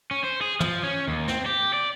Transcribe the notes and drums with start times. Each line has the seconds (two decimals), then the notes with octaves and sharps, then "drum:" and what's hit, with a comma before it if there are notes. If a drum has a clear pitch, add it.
0.11 C#4
0.24 C5
0.41 G#4
0.60 F3, drum: tom
0.84 C#4
1.08 D#2
1.28 C4, drum: snare
1.46 G4
1.73 D5